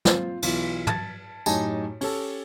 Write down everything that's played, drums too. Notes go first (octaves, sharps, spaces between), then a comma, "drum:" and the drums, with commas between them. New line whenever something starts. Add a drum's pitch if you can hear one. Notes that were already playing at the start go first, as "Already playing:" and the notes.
C4 F4 C5, drum: snare
B1 E3 F4, drum: cymbal
A5 G#6 A6, drum: tom
F#2 A2 D#4 G4 G#5 A5, drum: tambourine
C#4 G4 A4, drum: open hi-hat